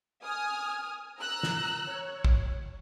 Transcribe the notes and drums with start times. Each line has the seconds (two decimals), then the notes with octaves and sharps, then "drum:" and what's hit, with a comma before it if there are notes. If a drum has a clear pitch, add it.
0.23 G#5 D#6 F6
1.19 A#5 E6 F#6
1.43 drum: snare
1.90 C#5
2.25 drum: kick